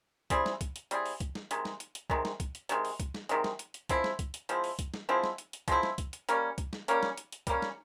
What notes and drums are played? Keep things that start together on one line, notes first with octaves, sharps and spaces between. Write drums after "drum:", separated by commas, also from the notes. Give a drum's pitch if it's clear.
G3 C4 E4 G#4, drum: kick, hi-hat
drum: snare
drum: kick, hi-hat
drum: hi-hat
G3 C4 E4 G#4, drum: hi-hat
drum: open hi-hat
drum: kick, hi-hat
drum: snare
C3 D#3 G#3, drum: hi-hat
drum: snare
drum: hi-hat
drum: hi-hat
C3 D#3 G#3, drum: kick
drum: snare
drum: kick, hi-hat
drum: hi-hat
C3 D#3 G#3, drum: hi-hat
drum: open hi-hat
drum: kick, hi-hat
drum: snare
C3 D#3 G#3, drum: hi-hat
drum: snare
drum: hi-hat
drum: hi-hat
F3 G#3 C4 E4, drum: kick, hi-hat
drum: snare
drum: kick, hi-hat
drum: hi-hat
F3 G#3 C4 E4, drum: hi-hat
drum: open hi-hat
drum: kick, hi-hat
drum: snare
F3 G#3 C4 E4
drum: snare
drum: hi-hat
drum: hi-hat
F3 G#3 C4 E4, drum: kick, hi-hat
drum: snare
drum: kick, hi-hat
drum: hi-hat
G3 A#3 C#4, drum: hi-hat
drum: kick, hi-hat
drum: snare
G3 A#3 C#4, drum: hi-hat
drum: snare
drum: hi-hat
drum: hi-hat
G3 A#3 C#4, drum: kick, hi-hat
drum: snare